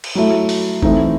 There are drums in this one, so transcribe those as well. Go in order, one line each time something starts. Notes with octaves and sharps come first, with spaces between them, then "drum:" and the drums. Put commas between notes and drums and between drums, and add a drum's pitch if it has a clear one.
drum: cymbal
F#3 A3 E4
drum: open hi-hat
E3 A3 C4 D#4, drum: kick G1